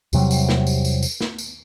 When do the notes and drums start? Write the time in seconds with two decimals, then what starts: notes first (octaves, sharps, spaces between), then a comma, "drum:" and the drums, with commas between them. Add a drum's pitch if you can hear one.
0.13 E2 C3 F#3 G3, drum: tambourine
0.31 drum: tambourine
0.49 drum: snare
0.67 drum: tambourine
0.85 drum: tambourine
1.03 drum: tambourine
1.21 drum: snare
1.38 drum: tambourine